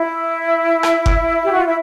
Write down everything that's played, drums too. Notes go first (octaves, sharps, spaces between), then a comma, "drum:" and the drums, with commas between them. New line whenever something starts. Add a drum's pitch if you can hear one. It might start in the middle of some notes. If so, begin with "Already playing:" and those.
Already playing: E4
drum: rim click
drum: kick F#1
G4
F#4
F4
E4